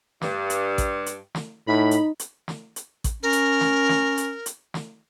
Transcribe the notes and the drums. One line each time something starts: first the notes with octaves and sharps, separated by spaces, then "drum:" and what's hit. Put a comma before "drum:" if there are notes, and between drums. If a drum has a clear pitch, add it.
G2, drum: snare
drum: hi-hat
drum: kick A1, hi-hat
drum: hi-hat
drum: snare
A2 D#4 B5
drum: hi-hat
drum: hi-hat
drum: snare
drum: hi-hat
drum: kick A1, hi-hat
C#4 A#4
drum: hi-hat
drum: snare
drum: snare
drum: hi-hat
drum: hi-hat
drum: snare